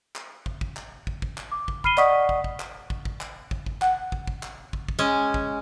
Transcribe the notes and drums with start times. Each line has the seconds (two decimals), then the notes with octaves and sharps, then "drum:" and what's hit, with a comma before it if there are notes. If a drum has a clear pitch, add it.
0.15 drum: clap
0.46 drum: kick
0.61 drum: kick
0.77 drum: clap
1.07 drum: kick
1.22 drum: kick
1.38 drum: clap
1.52 D6
1.68 drum: kick
1.84 B5 F6 C7 D#7 G7, drum: kick
1.97 D5 D#5 F#5 C#6 D#6 B6, drum: clap
2.29 drum: kick
2.44 drum: kick
2.60 drum: clap
2.90 drum: kick
3.05 drum: kick
3.21 drum: clap
3.51 drum: kick
3.66 drum: kick
3.82 F#5, drum: clap
4.12 drum: kick
4.27 drum: kick
4.43 drum: clap
4.73 drum: kick
4.89 drum: kick
4.99 G#3 C#4
5.34 drum: kick